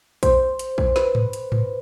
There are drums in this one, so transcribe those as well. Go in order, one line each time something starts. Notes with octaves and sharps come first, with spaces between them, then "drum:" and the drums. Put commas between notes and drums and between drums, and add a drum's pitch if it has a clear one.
C5, drum: kick A#1, hi-hat
drum: hi-hat
drum: kick A#1
B4, drum: snare
drum: tom G#2
drum: hi-hat
drum: tom G#2